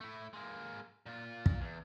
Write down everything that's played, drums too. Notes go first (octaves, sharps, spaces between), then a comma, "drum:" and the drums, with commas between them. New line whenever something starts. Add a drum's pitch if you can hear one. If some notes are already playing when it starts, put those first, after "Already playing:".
A3 E4
G#3 A#3
A#2 F4
drum: kick
E2